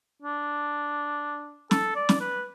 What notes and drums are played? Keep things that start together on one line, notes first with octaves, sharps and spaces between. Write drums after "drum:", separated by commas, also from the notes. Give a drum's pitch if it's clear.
D4
A4, drum: snare
D5
drum: snare
B4